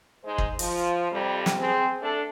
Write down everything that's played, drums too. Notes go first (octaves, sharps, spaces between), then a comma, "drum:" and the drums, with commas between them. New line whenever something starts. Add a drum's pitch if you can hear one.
G#3 D#4 C5
drum: kick
F3, drum: open hi-hat
F2 C3 G3
drum: snare
C4 G#4
A3 D4 A4